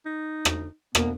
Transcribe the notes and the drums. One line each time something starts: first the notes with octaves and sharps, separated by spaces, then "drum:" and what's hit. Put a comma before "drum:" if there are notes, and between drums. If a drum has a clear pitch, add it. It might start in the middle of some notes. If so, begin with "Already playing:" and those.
D#4
drum: rim click
B2 A#3 B3, drum: rim click